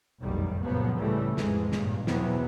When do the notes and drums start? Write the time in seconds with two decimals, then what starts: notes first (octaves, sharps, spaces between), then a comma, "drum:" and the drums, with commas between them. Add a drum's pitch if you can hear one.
0.20 F1 B1 F#2 A2 D#3 G3
0.63 C#2 F#2 A#2 F3 F#3 B3
0.98 A2 C#3 E3 G3 A3
1.37 A1 F2 G#2 E3 G#3, drum: snare
1.72 G2 A#2 C#3, drum: snare
2.07 E2 B2 E3 F#3 B3 C4, drum: snare